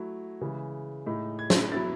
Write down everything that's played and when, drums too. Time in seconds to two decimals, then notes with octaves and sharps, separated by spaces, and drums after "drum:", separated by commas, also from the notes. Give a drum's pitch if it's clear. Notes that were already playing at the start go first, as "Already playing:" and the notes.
Already playing: F#3 A3 E4
0.41 C#3 E3 G#3
1.06 A2 G#3 D#4
1.39 G#6
1.50 drum: snare
1.72 F#3 B3 E4 A6